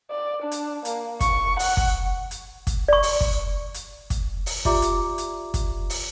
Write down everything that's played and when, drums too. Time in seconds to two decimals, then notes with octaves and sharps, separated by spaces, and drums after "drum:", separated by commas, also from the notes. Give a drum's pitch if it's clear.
0.11 D5
0.42 D4
0.51 drum: hi-hat
0.85 A#3, drum: hi-hat
1.20 C#6, drum: kick, hi-hat
1.59 F#5, drum: open hi-hat
1.77 drum: kick
2.31 drum: hi-hat
2.67 drum: kick, hi-hat
2.88 D5 C#6
3.03 drum: open hi-hat
3.21 drum: kick
3.74 drum: hi-hat
4.10 drum: kick, hi-hat
4.46 drum: open hi-hat
4.65 F4 G4 D5 E5 A#5 D6, drum: kick
4.82 drum: hi-hat
5.18 drum: hi-hat
5.54 drum: kick, hi-hat
5.90 drum: open hi-hat